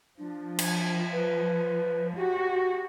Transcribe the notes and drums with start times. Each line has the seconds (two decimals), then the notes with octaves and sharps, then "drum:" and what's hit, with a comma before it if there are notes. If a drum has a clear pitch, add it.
0.18 F3 D4
0.59 drum: cymbal
1.12 B4
2.16 F#4 G4